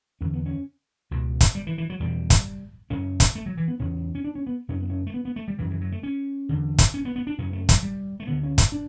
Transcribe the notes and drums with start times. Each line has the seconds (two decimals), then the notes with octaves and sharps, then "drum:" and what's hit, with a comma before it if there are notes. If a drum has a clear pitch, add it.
0.21 E2 D3 C#4
0.34 B3
0.46 C#4
1.11 C#2 B2
1.41 drum: kick, hi-hat
1.55 G3
1.67 E3
1.78 E3
1.90 F#3
2.00 E2 B2 G3
2.30 drum: kick, hi-hat
2.90 F#2 C#3 C#4
3.20 drum: kick, hi-hat
3.35 A3
3.46 F#3
3.57 E3
3.68 B3
3.80 E2 C#3 C#4
4.15 C#4
4.24 D4
4.35 C#4
4.47 B3
4.69 F#2 C#3 C#4
4.80 B3
4.90 C#4
5.07 A3
5.14 B3
5.25 B3
5.36 A3
5.48 G3
5.59 F#2 C#3 E3
5.70 E3
5.81 F#3
5.92 A3
6.03 C#4
6.49 E2 D3
6.78 drum: kick, hi-hat
6.94 C#4
7.05 B3
7.16 B3
7.27 D4
7.38 F#2 C#3 C#4
7.53 A3
7.69 F#3, drum: kick, hi-hat
7.83 G3
8.20 A3
8.27 D2 D3 B3
8.43 C#4
8.58 drum: kick, hi-hat
8.72 D4